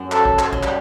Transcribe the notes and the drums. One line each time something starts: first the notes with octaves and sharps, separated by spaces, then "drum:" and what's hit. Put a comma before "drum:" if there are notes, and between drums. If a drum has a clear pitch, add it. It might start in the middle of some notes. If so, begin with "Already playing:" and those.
Already playing: F#2 F#3
A4, drum: clap
drum: kick
drum: clap
F#3, drum: kick
G3, drum: clap